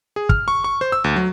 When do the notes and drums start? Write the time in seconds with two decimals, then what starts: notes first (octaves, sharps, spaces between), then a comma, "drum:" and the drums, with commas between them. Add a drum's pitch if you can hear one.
0.16 G#4
0.29 F6, drum: kick
0.48 C#6
0.64 C#6
0.81 C5
0.92 E6
1.04 D2
1.16 F#3